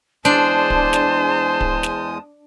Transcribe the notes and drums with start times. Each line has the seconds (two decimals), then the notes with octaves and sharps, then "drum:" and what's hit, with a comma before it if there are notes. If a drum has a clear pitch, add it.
0.25 E2 G#3 D4 C5 A5 D#6, drum: snare
0.70 drum: kick D1
0.93 drum: snare
1.61 drum: kick D1
1.83 drum: snare